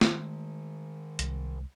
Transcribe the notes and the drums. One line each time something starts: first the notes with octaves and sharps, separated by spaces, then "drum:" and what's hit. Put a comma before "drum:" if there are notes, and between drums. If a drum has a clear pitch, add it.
D#3 G#3 A3, drum: snare
C2, drum: hi-hat